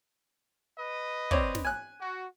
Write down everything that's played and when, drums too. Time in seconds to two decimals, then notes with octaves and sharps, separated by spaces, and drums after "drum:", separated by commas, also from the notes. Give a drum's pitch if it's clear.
0.78 B4 D#5
1.31 C4 C#5 D5, drum: kick
1.55 drum: snare
1.65 G#5 F#6
2.00 F#4